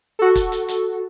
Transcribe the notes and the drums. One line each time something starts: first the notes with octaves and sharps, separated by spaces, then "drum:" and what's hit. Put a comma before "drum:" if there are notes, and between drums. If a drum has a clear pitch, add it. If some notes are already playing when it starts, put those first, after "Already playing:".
F#4 A4
drum: kick, hi-hat
drum: hi-hat
drum: hi-hat